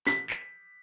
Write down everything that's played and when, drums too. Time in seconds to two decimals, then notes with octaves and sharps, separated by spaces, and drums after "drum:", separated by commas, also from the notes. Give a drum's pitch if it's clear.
0.07 B6, drum: snare
0.30 drum: clap